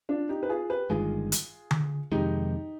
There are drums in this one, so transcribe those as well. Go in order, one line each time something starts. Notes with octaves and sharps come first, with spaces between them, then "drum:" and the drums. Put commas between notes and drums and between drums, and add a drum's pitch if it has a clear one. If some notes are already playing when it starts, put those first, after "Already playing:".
D4 F4
D#4 G4
B4
F4 G#4
G4 B4
G1 G2 D#3 G#3 F4 G#4
drum: hi-hat
drum: tom D3
F2 C3 D#3 G#3 D#4 G4